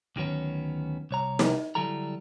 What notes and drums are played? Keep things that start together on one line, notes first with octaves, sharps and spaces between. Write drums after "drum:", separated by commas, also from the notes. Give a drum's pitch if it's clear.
D2 D#3 F#3 B3 C#4
C2 C#5 A#5
drum: snare
D3 F#3 G3 E4 A4 A#5